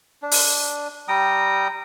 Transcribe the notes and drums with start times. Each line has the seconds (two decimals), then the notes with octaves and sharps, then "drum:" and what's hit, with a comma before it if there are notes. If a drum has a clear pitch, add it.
0.22 D4
0.31 drum: open hi-hat
1.08 G3 G5 A#5 D#6